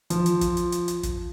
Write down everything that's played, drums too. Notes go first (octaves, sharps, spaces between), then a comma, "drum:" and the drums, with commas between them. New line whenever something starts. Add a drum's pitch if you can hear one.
F3, drum: hi-hat
drum: hi-hat
drum: kick, hi-hat
drum: hi-hat
drum: hi-hat
drum: hi-hat
drum: kick, hi-hat